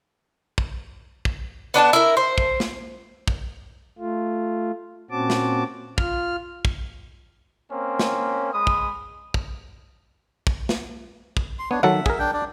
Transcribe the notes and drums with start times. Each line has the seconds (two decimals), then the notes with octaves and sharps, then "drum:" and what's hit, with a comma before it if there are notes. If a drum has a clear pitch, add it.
0.58 drum: kick
1.25 drum: kick
1.74 B3 D4 G#5 A5
1.93 E4 A#4
2.17 C5
2.38 drum: kick
2.60 drum: snare
3.28 drum: kick
3.98 A3 F4
5.11 A#2 C4 C#4 F#4 A5 D6
5.30 drum: snare
5.98 F4 F6, drum: kick
6.65 drum: kick
7.71 A#3 C4 C#4
7.99 drum: snare
8.54 G#3 B5 D#6
8.67 drum: kick
9.34 drum: kick
10.47 drum: kick
10.69 drum: snare
11.37 drum: kick
11.59 C6
11.71 B3 D4 C#5
11.83 D#3 F#3 A4 E5 F#5
12.06 G#4 A#4, drum: kick
12.19 D4 G5
12.33 D4 D5